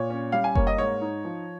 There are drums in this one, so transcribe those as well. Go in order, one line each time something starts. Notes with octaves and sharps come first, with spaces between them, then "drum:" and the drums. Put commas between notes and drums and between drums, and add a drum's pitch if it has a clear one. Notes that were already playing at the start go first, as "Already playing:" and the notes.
Already playing: A#2 C#5
C#4
G3 F5
G#5
A#3 C#5, drum: kick F#1
D#5
G#2 C#5
D#4
F3